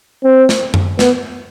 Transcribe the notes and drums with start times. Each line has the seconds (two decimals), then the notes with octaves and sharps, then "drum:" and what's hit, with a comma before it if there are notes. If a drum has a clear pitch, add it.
0.24 C4
0.49 drum: snare
0.74 drum: tom F#2
0.99 B3, drum: snare